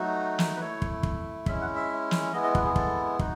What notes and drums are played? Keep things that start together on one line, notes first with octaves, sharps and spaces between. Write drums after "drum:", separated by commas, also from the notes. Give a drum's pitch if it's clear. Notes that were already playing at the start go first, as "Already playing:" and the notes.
Already playing: F#3 A3 D#4 F#4
drum: snare
B4
A3 E4 C#5
drum: kick
drum: kick
G#3 C#4 E4 E5, drum: kick
F#5
E5
drum: snare
G#3 B3 E4 D#5
D#5
F#4, drum: kick
G#4
A4, drum: kick
D#4 F#4, drum: kick